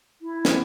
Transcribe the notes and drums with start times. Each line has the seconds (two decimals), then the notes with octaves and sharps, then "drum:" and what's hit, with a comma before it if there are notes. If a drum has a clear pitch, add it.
0.21 E4
0.45 drum: snare